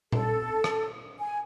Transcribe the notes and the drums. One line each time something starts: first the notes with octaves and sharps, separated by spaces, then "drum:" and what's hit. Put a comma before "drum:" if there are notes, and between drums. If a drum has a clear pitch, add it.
A4, drum: tom A#2
drum: rim click
G#5